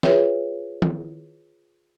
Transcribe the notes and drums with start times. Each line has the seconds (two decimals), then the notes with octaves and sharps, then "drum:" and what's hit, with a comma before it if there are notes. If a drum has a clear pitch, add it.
0.03 F4 G#4 B4 C#5 E5 G5, drum: snare
0.82 drum: tom D#3